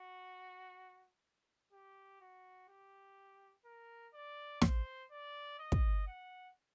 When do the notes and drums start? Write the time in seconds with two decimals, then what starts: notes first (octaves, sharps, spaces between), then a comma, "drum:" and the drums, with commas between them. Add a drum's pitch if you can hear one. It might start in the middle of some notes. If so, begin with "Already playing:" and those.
Already playing: F#4
1.73 G4
2.21 F#4
2.68 G4
3.65 A#4
4.14 D5
4.62 C5, drum: snare
5.11 D5
5.59 D#5
5.72 drum: kick
6.07 F#5